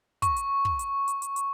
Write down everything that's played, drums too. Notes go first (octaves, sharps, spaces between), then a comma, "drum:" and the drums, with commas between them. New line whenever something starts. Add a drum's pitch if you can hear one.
C#6, drum: kick, hi-hat
drum: hi-hat
drum: kick
drum: hi-hat
drum: hi-hat
drum: hi-hat
drum: hi-hat